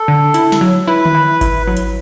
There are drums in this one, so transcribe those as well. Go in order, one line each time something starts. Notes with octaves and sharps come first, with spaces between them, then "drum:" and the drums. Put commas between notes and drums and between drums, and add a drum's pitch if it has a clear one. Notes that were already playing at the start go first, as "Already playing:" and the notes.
Already playing: A4
D3
E4, drum: hi-hat
drum: snare
F#3
E4 B4
drum: tom D3
E4
E4, drum: kick G#1, hi-hat
F#3
drum: hi-hat